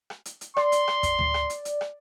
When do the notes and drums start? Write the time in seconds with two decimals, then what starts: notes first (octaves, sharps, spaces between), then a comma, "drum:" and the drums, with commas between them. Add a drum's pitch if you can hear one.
0.10 drum: rim click
0.25 drum: hi-hat
0.41 drum: hi-hat
0.57 D5 C6, drum: rim click
0.72 drum: hi-hat
0.88 drum: rim click
1.03 drum: kick, hi-hat
1.19 drum: tom D2
1.34 drum: rim click
1.50 drum: hi-hat
1.65 drum: hi-hat
1.81 drum: rim click